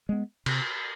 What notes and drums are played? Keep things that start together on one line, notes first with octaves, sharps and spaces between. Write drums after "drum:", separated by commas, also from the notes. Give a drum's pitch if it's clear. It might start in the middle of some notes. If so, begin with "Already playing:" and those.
G#3 B3
C3, drum: cymbal